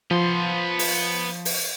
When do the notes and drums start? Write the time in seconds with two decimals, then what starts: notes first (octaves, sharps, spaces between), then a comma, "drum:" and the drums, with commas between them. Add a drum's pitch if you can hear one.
0.11 F3 B3 C6
0.79 drum: open hi-hat
1.45 drum: open hi-hat